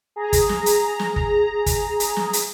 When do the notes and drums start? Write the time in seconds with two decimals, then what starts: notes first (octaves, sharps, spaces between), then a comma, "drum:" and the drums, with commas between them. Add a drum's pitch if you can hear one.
0.16 G#4 A#5
0.33 drum: kick, hi-hat
0.49 drum: snare
0.66 drum: hi-hat
0.99 drum: snare
1.16 drum: kick
1.66 drum: kick, hi-hat
2.00 drum: hi-hat
2.17 drum: snare
2.33 drum: hi-hat